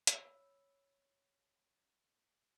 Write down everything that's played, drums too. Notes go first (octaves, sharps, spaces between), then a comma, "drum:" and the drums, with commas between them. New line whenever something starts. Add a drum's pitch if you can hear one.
C#5 B5 E6, drum: hi-hat